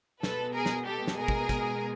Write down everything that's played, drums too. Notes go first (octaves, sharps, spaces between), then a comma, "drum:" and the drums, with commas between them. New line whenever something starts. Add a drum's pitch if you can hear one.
B2 G#3 B3 A4 B4, drum: snare
G#4 A#4
drum: snare
G4 A4
drum: snare
G#4 A#4
drum: kick
drum: kick, hi-hat